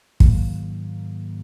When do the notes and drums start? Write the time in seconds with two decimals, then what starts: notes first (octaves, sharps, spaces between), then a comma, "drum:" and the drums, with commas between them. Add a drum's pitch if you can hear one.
0.20 G#2 D#3 F#3 A#3, drum: kick